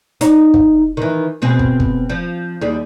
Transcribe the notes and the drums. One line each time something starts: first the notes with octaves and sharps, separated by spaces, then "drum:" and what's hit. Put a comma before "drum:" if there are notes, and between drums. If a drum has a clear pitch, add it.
D#4, drum: hi-hat
drum: kick
D#3 E3
B2 C4 G#4
drum: kick
drum: kick
F3
D#2 G3 G#4